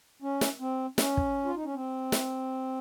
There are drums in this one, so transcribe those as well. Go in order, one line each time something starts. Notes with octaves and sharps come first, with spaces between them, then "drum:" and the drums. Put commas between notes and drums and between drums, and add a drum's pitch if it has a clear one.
C#4
drum: snare
C4
C#4, drum: snare
drum: kick
F4
D#4
C#4
C4
drum: snare